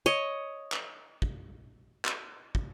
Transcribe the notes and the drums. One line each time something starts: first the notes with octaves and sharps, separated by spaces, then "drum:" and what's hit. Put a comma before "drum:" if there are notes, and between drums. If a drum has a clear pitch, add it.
C#5 D#5
drum: clap
drum: kick
drum: clap
drum: kick